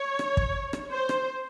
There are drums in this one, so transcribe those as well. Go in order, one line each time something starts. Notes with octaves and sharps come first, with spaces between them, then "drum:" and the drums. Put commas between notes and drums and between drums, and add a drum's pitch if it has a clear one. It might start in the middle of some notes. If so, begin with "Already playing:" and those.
Already playing: C#5
drum: rim click
drum: kick
drum: rim click
C5
drum: rim click